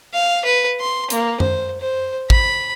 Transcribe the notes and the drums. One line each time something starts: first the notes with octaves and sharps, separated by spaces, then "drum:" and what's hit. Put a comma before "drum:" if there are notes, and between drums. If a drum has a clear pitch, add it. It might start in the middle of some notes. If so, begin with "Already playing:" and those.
F5
B4
C6
A#3, drum: hi-hat
C5, drum: tom F#2
C5
B5, drum: kick